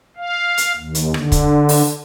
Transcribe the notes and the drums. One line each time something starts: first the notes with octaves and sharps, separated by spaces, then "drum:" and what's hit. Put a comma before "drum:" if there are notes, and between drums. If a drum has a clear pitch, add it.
F5
drum: hi-hat
D#2
drum: hi-hat
D3, drum: rim click
drum: kick, hi-hat
drum: open hi-hat